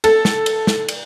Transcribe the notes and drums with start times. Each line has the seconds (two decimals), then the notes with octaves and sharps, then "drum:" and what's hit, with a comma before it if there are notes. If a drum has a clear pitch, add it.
0.04 A4, drum: cymbal
0.25 drum: snare
0.46 drum: cymbal
0.67 drum: snare
0.88 drum: cymbal